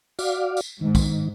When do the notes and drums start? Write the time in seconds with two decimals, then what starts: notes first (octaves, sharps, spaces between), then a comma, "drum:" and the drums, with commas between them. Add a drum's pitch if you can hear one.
0.19 F#4 D5 F5, drum: tambourine
0.57 drum: tambourine
0.81 G#2 D#3
0.95 drum: kick, tambourine